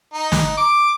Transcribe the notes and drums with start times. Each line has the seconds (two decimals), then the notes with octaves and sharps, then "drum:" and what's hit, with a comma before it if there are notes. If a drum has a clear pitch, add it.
0.13 D#4
0.32 drum: snare
0.57 D6